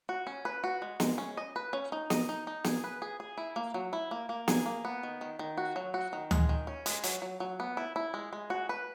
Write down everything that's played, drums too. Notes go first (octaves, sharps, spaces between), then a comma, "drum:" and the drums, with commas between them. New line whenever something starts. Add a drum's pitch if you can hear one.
F#4
C#4
B4
F#4
G#3
G#3, drum: snare
C#4
D#5
B4
C#4
D#4
D#5, drum: snare
D#4
D#4
G#4, drum: snare
B4
G#4
G#4
E4
A#3
F#3
E4
A#3
A#3
G#4, drum: snare
A#3
B3
D#3
D#3
D#3
F#4
F#3
F#4
D#3
G#3, drum: tom D2
D#3
C#4
G#3, drum: hi-hat
F#3, drum: hi-hat
F#3
F#3
B3
E4
E4
G#3
G#3
F#4
B4